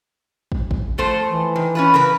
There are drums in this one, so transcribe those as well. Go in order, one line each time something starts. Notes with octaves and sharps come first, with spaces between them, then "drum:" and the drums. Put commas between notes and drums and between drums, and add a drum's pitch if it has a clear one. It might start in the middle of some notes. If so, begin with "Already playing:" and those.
drum: kick
drum: kick
F3 A3 C5
E3
D#3
C#4 F4 B4
C#3 A#4 B4